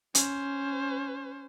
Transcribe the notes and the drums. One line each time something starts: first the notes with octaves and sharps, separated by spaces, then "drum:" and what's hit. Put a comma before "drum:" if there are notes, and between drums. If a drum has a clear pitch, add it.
C#4 C5, drum: hi-hat